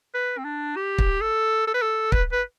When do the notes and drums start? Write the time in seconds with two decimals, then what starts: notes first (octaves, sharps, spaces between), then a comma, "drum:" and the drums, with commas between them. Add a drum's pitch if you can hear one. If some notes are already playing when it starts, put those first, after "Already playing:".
0.14 B4
0.38 C4
0.45 D4
0.76 G4
0.98 drum: kick
1.21 A4
1.67 A4
1.74 B4
1.82 A4
2.12 B4, drum: kick
2.32 B4